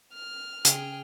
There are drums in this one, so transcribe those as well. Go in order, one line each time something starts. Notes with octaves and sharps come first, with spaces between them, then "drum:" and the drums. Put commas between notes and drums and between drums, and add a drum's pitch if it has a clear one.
F6
C#3 G#4 G5, drum: hi-hat